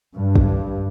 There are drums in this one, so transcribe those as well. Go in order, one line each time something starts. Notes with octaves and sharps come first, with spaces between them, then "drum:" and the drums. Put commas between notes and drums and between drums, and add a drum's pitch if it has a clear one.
G2
drum: kick